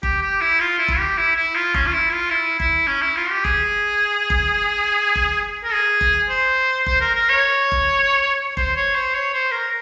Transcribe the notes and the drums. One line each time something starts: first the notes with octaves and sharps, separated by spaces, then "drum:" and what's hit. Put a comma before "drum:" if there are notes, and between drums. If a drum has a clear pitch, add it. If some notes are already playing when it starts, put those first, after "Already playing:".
G4, drum: kick F#1
G4
E4
F4
E4
drum: kick F#1
G4
E4
E4
F4
C#4, drum: kick F#1
F4
E4
F4
E4
E4, drum: kick F#1
C#4
E4
F4
G4
G#4, drum: kick F#1
drum: kick F#1
drum: kick F#1
A#4
G#4
drum: kick F#1
C5
C5, drum: kick F#1
A#4
A#4
C#5
drum: kick F#1
C5, drum: kick F#1
C#5
C5
C#5
C5
A#4